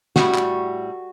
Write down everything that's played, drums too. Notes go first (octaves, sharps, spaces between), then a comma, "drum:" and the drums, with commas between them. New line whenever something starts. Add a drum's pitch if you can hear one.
A2 G3 F#4, drum: snare
drum: clap